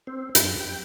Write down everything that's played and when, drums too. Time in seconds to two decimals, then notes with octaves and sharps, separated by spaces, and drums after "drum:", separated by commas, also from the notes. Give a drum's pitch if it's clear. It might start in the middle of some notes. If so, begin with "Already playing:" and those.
0.07 C4
0.35 F#2, drum: hi-hat
0.61 G5